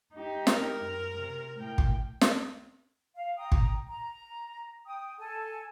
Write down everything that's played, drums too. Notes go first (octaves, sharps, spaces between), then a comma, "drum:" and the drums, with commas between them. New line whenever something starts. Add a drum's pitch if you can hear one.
D#4 G4
A#4, drum: snare
F#2
C3
A2 G5
drum: kick
drum: snare
F5
G5 A#5 D#6
drum: kick
A#5
G5 D#6
A4 G#5 A5